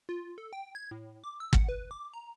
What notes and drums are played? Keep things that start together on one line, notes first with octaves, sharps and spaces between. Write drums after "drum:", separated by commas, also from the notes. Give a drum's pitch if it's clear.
F4
A4
G5
G#6
A2
D6
E6
F#5, drum: kick
B4
D6
A#5